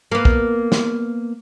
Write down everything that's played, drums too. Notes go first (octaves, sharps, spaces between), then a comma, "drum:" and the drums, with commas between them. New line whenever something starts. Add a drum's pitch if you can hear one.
A#3 B3
drum: kick
drum: snare